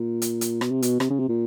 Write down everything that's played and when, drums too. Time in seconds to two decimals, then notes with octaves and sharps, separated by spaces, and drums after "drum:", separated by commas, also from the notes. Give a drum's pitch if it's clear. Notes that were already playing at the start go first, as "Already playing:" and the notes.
Already playing: A#2
0.22 drum: hi-hat
0.41 drum: hi-hat
0.61 B2, drum: rim click
0.71 C3
0.82 B2, drum: hi-hat
1.00 C3, drum: rim click
1.10 C#3
1.20 C3
1.29 A#2